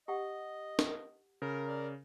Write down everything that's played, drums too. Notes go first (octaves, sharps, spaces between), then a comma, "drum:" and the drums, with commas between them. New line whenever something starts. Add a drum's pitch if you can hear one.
G4 D#5 F#5
drum: snare
C#3 A#4
D5